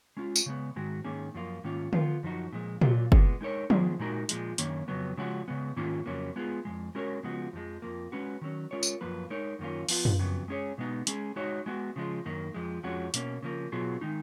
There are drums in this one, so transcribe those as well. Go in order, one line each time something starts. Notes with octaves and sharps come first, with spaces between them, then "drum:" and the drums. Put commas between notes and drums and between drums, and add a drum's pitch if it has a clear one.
G#3 C#4 F4
drum: tambourine
C#3 G#3 B3
G#2 D#3 G#3 F#4
G#2 D#3 A#3 C#4 G#4
F#2 F3 A#3 F4
G#2 D#3 A#3 C#4 F4
F3 B3 F4, drum: tom D3
F#2 F3 B3 D#4 F#4
A#2 F3 G#3
A#2 F#3 A#3 F4, drum: tom A#2
A#2 G#3 B3, drum: kick F#1
G#3 D#4 A#4 C#5
D#3 G#3 B3 F4 G#4, drum: tom F3
A#2 G#3 D#4 F#4 A#4
A#2 F3 G#3, drum: hi-hat
F#2 D#3 A#3 C#4, drum: hi-hat
F2 C#3 F#3 B3
C#3 F3 G#3 C#4 F#4
C#3 G#3 B3
G#2 D#3 A#3 C#4 F4
F2 C#3 F#3 A#3 C#4
G#3 B3 F4 G#4
F2 C#3 G#3
G#3 C#4 F#4 A#4 C#5
C#3 F3 G#3 B3 F#4
F2 F3 G#3
F2 F3 A#3
G#3 C#4 F#4 B4
D#3 F#3 C#4
G#3 C#4 F4 A#4 C#5
drum: tambourine
F#2 F3 A#3 F4 B4
G#3 D#4 A#4 C#5
F#2 D#3 A#3 C#4 F4
F3 B3 F4, drum: open hi-hat
drum: tom F#2
F2 C#3 F#3 B3
G#3 C#4 G#4 C#5
B2 G#3 B3 D#4
G#3 C#4 G#4, drum: hi-hat
G#3 D#4 F#4 C#5
G#3 B3 F#4
C#3 F3 G#3
F#2 D#3 A#3
F2 F3 G#3
F2 F3 G#3 C#4 F#4
B2 A#3 C#4, drum: hi-hat
C#3 F3 A#3
B2 F#3 B3 F4 G#4
D#3 G#3 D#4